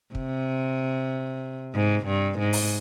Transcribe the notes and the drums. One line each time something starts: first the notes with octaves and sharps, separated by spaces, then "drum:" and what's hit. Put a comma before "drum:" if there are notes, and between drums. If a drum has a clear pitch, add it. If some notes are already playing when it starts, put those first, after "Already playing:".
C3, drum: kick
G#2
G2
G#2
drum: open hi-hat